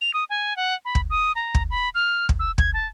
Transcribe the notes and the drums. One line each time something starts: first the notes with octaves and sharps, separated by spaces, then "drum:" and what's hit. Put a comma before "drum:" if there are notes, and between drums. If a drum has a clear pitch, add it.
F7
D#6
G#5
F#5
B5
drum: kick
D#6
A#5
drum: kick
B5
F6
drum: kick
E6
G#6, drum: kick
A5